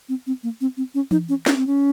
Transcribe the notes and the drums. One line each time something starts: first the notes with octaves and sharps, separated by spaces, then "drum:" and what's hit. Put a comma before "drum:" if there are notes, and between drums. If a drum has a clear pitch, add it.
C4
C4
A#3
C4
C4
C#4
D#4, drum: tom E3
C#4
C#4, drum: snare
C4
C#4